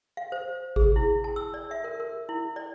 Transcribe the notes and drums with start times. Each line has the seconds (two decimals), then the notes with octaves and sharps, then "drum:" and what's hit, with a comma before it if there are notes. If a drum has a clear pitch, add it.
0.17 F5
0.32 C5
0.76 G#4, drum: kick G#1
0.96 E4
1.24 A5
1.36 E6
1.54 D5
1.71 E5
1.84 A#4
2.00 A#4
2.29 E4
2.56 D5